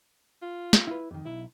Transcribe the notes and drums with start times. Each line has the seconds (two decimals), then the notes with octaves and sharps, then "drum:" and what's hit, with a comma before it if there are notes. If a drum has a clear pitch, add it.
0.42 F4
0.73 drum: snare
0.87 E4 B4
1.11 F2 D#3
1.25 B1 E4